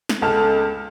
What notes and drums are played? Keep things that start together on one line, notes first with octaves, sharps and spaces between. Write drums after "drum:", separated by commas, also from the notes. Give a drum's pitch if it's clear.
drum: snare
C#2 A4 A5 F6